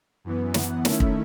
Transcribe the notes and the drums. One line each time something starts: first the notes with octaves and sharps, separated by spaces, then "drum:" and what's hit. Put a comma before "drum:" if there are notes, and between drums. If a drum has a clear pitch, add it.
F#2 E3 B3
F#5, drum: snare
D#3 A3 C#4 E4 E5, drum: snare
drum: kick